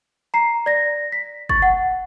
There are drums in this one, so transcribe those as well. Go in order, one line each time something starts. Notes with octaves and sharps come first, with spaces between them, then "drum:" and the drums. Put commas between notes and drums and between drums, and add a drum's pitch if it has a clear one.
A#5 C7
D5 A#6
B6
C#6 A6, drum: kick
F#5